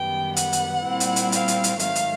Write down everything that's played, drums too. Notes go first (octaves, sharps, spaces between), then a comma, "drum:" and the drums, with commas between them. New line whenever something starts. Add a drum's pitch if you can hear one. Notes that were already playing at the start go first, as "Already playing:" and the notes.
Already playing: F#2 D#3 G3 B3 G5
F#5, drum: hi-hat
drum: hi-hat
A#2 G3 C4 E4
drum: hi-hat
drum: hi-hat
F5, drum: hi-hat
drum: hi-hat
drum: hi-hat
G#2 D#3 F#3 A3 F5, drum: hi-hat
drum: hi-hat